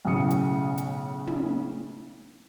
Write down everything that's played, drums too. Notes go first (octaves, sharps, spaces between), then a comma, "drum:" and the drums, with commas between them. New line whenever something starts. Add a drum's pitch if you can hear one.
B1 A2 C#3 D#6 C#7
drum: hi-hat
drum: hi-hat
drum: tom